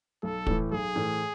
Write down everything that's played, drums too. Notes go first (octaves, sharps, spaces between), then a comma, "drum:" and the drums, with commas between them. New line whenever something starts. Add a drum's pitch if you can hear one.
B1 A4
A2 E3, drum: kick
B1 G#4
A2 E3